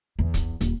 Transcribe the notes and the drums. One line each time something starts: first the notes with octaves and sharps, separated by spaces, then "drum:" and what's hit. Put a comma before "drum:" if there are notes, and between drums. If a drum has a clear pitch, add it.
E2
drum: kick, hi-hat
D#1, drum: hi-hat